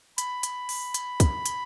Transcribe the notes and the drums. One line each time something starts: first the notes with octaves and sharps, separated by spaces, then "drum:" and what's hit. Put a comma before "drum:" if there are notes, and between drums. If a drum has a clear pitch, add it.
B5, drum: hi-hat
drum: hi-hat
drum: open hi-hat
drum: hi-hat
drum: kick, hi-hat
drum: hi-hat